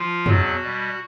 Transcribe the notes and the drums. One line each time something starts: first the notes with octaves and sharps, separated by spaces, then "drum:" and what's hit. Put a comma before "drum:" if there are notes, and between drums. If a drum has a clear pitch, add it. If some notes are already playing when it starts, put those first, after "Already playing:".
Already playing: F3 F4
E2 B2 F#3 F#4, drum: tom
B2 G3